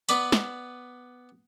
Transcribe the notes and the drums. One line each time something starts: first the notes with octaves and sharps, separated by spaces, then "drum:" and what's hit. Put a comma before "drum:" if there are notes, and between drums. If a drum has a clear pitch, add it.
B3 B4 D5 B5, drum: hi-hat
drum: snare